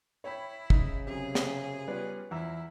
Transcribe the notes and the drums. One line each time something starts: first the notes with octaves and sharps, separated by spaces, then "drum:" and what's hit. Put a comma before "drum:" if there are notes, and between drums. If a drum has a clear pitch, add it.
E4 C#5 G5 B5
C#3 D#4, drum: kick
F#2 C3 G#4
drum: snare
G3 B3 F4 B4 C#5 D5
E2 F3 E4 E5 A#5 E6